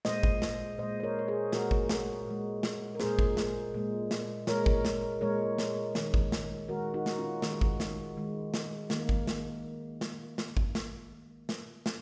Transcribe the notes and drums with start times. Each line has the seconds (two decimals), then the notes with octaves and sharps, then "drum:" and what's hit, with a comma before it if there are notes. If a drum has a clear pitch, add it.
0.05 A#2 G#3 C5 D#5, drum: snare
0.23 drum: kick G#1
0.42 drum: snare
0.78 A#2 G#3 C5 D#5
1.00 C5
1.03 A#4 C#5
1.19 C#5
1.28 G#4 C5
1.52 A#2 G#3 F#4 A#4, drum: snare
1.71 drum: kick G#1
1.89 drum: snare
2.27 A#2 G#3
2.63 drum: snare
2.95 A#4
3.00 A#2 G#3 G#4 C5, drum: snare
3.19 drum: kick G#1
3.37 drum: snare
3.74 A#2 G#3
4.11 drum: snare
4.47 A#2 G#3 A#4 C#5, drum: snare
4.66 drum: kick G#1
4.85 drum: snare
5.21 A#2 G#3 A#4 C#5
5.58 drum: snare
5.95 D#3 G#3, drum: snare
6.14 drum: kick G#1
6.32 drum: snare
6.69 D#3 G#3 F#4 A#4
6.94 D#4 F#4
7.06 drum: snare
7.18 C#4 F4
7.42 D#3 G#3, drum: snare
7.61 drum: kick G#1
7.80 drum: snare
8.17 D#3 G#3
8.54 drum: snare
8.90 D#3 A#3, drum: snare
9.09 drum: kick G#1
9.27 drum: snare
10.01 drum: snare
10.38 drum: snare
10.57 drum: kick G#1
10.75 drum: snare
11.49 drum: snare
11.86 drum: snare